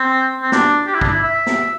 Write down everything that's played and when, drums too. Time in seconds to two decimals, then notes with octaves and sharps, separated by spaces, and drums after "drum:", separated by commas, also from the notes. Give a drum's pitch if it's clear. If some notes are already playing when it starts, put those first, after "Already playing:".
Already playing: C4
0.42 C4
0.52 D4, drum: snare
0.87 G4
0.95 E4
1.01 D4, drum: kick
1.08 E4
1.23 E5
1.46 drum: snare